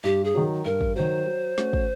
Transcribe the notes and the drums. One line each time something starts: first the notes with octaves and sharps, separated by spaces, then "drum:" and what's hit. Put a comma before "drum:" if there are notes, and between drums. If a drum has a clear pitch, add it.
G2 G4
G#4
D#3 F#3
G2 A#4
drum: kick
D#3 F#3 C5
F#3
A3 C#4 F#4, drum: snare
drum: kick